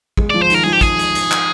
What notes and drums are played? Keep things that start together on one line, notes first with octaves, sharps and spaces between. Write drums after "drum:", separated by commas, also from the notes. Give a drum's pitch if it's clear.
G#3, drum: kick
F3 D5
C5
D#3 A#4, drum: hi-hat
F3 G#4
G4
G#4, drum: kick, hi-hat
drum: hi-hat
drum: hi-hat
drum: clap